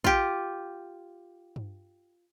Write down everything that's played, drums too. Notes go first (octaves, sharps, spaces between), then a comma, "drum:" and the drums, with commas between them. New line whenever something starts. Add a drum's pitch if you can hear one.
F4 G4, drum: kick
drum: tom G2